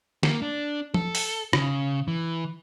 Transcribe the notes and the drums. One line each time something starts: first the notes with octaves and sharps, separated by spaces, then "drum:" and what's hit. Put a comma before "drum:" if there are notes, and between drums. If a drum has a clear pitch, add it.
A#3, drum: snare
D4
A4, drum: tom F3
drum: open hi-hat
C#3, drum: rim click
E3